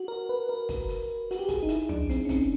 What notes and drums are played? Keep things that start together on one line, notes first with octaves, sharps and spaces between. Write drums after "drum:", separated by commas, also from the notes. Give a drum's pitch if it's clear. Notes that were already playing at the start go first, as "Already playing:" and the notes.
Already playing: F#4
A#4
B4
A#4
drum: kick, hi-hat
drum: hi-hat
F#4, drum: hi-hat
G4
G#4, drum: kick, hi-hat
D#4
E4, drum: hi-hat
D4, drum: tom
C4, drum: hi-hat
C#4
C4, drum: kick, hi-hat